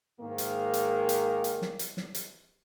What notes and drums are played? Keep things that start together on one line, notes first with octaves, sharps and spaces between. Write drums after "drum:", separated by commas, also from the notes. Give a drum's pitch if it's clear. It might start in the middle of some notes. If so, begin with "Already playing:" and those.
G#2 D#3 A#3
drum: hi-hat
drum: hi-hat
drum: hi-hat
drum: hi-hat
drum: snare
drum: hi-hat
drum: snare
drum: hi-hat